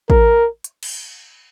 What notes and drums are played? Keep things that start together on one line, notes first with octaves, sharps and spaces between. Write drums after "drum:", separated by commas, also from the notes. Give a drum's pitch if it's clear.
A#4, drum: kick A1
drum: hi-hat
drum: cymbal